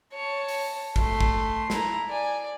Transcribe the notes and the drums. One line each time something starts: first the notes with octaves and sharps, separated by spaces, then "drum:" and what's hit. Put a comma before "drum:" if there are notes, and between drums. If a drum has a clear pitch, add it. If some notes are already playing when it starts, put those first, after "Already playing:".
C#5 A5
drum: open hi-hat
A3 C6, drum: kick
drum: kick
E4 A#5, drum: snare
D5 G#5